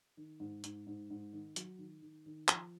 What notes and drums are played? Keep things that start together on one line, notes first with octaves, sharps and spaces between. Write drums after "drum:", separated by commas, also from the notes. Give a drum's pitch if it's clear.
D#3
G#2
G#2, drum: hi-hat
G#2
G#2
D#3
F#3, drum: hi-hat
D#3
D#3
D#3
F3, drum: clap